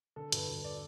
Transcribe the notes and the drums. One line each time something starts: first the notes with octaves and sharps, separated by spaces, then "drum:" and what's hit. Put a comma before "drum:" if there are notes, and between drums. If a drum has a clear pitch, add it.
D3 A4
G2 B4, drum: hi-hat
G2
D5